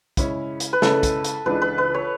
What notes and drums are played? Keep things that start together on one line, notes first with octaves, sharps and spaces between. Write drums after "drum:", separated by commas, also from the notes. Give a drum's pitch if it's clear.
C#3 G#3 C#4 E4, drum: kick, hi-hat
drum: hi-hat
B4
C#3 G#3 C#4 E4 A4, drum: snare
drum: kick, hi-hat
drum: hi-hat
C#2 C#3 E3 G#3 D4 B4
B4
B4
C#5